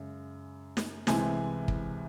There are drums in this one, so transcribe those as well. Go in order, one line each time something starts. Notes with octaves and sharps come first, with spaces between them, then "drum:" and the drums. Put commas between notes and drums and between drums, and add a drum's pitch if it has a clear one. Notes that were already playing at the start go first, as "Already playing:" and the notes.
Already playing: F#2 C#3 G#3
drum: snare
C2 C3 E3 G#3 C4 G#5, drum: snare
drum: kick